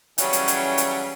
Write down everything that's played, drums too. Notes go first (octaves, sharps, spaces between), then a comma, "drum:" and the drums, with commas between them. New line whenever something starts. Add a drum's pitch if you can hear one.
C#3 E3 F#3 G3 C#4, drum: hi-hat
drum: hi-hat
drum: hi-hat
drum: hi-hat